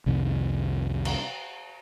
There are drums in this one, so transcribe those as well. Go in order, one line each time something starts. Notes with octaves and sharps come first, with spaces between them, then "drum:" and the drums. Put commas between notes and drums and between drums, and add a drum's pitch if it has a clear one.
C2 F2 C3 D#3
drum: cymbal